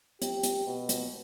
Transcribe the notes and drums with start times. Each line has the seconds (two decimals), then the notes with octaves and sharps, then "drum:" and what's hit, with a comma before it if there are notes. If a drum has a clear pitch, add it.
0.22 G4, drum: hi-hat
0.43 drum: hi-hat
0.66 B2
0.89 drum: hi-hat